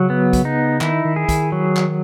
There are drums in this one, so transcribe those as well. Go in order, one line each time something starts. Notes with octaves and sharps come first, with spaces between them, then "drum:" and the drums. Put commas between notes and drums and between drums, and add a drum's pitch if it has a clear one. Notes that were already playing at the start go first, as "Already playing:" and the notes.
Already playing: C#3 F#3
B3
drum: kick, hi-hat
D#4
D#3 E4, drum: clap
D#3
G#4
D#3, drum: kick, hi-hat
F#3
drum: clap